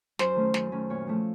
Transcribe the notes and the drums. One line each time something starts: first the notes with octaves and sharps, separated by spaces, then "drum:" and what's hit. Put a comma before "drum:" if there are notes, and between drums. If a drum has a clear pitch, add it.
F#2 C5, drum: snare
D#3 A3 C#4
F#2, drum: snare
D#3 A3 C#4
A#2 C#5
F3 A3